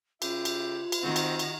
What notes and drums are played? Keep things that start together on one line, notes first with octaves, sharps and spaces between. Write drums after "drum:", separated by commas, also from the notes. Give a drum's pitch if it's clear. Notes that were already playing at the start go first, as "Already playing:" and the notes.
C#3 F4 G4 E5, drum: cymbal
drum: cymbal
drum: cymbal
D#3 C4 F#4 A#6
drum: cymbal
drum: cymbal